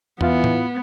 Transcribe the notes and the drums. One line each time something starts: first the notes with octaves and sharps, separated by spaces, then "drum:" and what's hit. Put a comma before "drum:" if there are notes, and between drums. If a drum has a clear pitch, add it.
E3 B3 E4 F4 F5, drum: tom E2
drum: tom